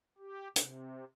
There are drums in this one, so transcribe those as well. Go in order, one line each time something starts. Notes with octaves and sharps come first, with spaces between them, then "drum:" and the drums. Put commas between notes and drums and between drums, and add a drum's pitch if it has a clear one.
G4
C3, drum: hi-hat